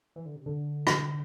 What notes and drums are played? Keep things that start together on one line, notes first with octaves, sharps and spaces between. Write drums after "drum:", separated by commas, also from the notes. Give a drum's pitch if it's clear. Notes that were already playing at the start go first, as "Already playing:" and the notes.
E3
D3
C3
D3
drum: rim click